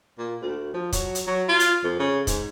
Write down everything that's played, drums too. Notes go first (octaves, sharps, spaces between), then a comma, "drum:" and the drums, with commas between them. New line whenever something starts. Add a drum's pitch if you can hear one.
A#2
D2
F3
F#3, drum: kick, hi-hat
drum: hi-hat
F#3
F4
drum: hi-hat
F2
C#3
G#2, drum: kick, hi-hat